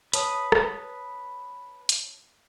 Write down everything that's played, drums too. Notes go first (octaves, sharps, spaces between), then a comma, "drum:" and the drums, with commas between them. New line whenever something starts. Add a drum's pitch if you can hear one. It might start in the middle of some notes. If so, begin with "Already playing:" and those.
B4 C#5 A5 D#6, drum: hi-hat
drum: rim click
drum: hi-hat